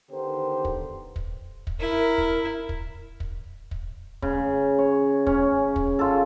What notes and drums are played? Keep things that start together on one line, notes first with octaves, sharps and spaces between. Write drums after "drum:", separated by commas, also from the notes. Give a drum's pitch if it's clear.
D3 D#3 B3 G4 A#4 C5
drum: kick
drum: kick
drum: kick
E4 A#4
drum: kick
drum: kick
drum: kick
drum: kick
C#3, drum: kick
C#5
C#4, drum: kick
drum: kick
F4 A4